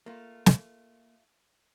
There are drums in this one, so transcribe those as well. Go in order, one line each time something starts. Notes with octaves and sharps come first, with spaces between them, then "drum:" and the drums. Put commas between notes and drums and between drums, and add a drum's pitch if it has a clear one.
A3 A#3 F4
drum: snare